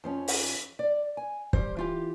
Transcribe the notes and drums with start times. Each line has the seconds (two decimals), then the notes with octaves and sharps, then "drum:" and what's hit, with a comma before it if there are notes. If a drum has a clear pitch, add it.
0.04 F2 F3 C#4
0.28 drum: open hi-hat
0.79 D5
1.17 G#5
1.53 G3 C5, drum: kick
1.77 E3 F4 G4